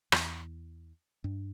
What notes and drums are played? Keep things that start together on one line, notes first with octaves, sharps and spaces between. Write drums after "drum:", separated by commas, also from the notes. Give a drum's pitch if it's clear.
E2, drum: rim click
G2